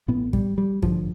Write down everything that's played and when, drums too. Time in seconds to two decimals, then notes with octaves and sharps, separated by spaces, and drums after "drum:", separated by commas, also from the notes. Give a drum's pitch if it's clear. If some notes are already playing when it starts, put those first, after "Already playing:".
0.08 A1 A2 B3
0.33 G3, drum: kick
0.58 G3
0.82 A1 G2 D3 F3, drum: kick